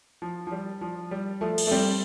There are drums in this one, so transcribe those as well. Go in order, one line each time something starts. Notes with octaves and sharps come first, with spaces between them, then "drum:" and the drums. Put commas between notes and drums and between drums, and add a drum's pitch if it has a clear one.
F3
F3
G3
F3
G3
F3 A3
drum: cymbal
A3
G3 C4